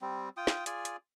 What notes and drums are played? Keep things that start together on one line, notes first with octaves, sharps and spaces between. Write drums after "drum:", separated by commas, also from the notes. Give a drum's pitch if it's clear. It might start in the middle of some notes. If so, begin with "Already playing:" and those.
G3 C4
F4 G5 D#6
drum: snare
F4 G#4 D5 G#5, drum: hi-hat
drum: hi-hat